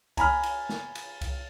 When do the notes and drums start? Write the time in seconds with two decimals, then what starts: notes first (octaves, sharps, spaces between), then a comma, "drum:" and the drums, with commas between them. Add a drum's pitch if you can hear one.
0.17 G#5 A#5 B5 F6, drum: kick C2, cymbal
0.43 drum: cymbal
0.69 drum: snare
0.95 drum: cymbal
1.21 drum: kick C2, cymbal